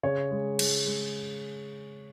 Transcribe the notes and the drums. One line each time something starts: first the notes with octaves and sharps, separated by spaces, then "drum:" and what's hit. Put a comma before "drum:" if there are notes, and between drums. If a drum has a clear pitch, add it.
C#3 C#5
G#3
G#3, drum: cymbal
G#3